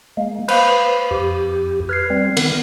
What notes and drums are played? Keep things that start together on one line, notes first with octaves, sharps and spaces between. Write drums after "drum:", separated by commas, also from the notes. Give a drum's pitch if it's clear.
G#3 A#3
B4 C5 F5 B5, drum: cymbal
F2 G4
B4 F6 G#6 C7
G3 C4
D#3 B3, drum: cymbal